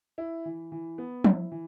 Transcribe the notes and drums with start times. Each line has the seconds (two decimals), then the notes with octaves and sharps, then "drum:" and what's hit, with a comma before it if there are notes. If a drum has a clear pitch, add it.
0.18 E4
0.45 E3
0.72 E3
0.98 B3
1.24 E4, drum: tom F3
1.52 E3